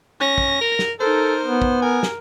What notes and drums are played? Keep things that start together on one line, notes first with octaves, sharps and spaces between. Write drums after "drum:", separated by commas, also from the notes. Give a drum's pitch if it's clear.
C#4 A#6
drum: kick
A#4
drum: snare
D#4 A4 A#4 C5
B3
drum: kick
A#4 G#5
drum: snare